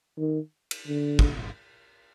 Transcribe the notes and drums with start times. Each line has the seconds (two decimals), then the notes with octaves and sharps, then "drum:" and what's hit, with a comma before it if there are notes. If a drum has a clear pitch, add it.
0.17 D#3
0.71 drum: cymbal
0.87 D3
1.19 drum: kick